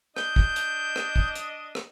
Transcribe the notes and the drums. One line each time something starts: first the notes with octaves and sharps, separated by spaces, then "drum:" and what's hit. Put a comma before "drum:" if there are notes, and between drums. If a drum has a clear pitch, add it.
D4 D#5 G6, drum: rim click
drum: kick
drum: hi-hat
drum: rim click
drum: kick
drum: hi-hat
drum: rim click